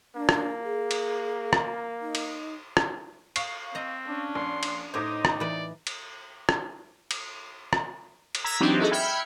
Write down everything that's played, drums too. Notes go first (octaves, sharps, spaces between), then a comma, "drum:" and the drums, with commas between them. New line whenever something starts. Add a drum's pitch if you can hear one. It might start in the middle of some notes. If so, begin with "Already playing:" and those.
A#3 D4
drum: rim click
G#4
drum: cymbal
drum: rim click
D#4
drum: cymbal
drum: rim click
F5 C#6 C7, drum: cymbal
C4 D#5 A#5
C#4 D4
A#1 C6
drum: cymbal
A2 D#4 G4 C5 C#5 D#5 D6 A#6
drum: rim click
E3 B4 D5
drum: cymbal
drum: rim click
drum: cymbal
drum: rim click
drum: cymbal
A#5 E6 G#6 B6
E3 F#3 C4 D4 D#4 G4
D#4 E4 F#4 G#4 A4 D#5
E5 G5 B5 F6 G#6 C#7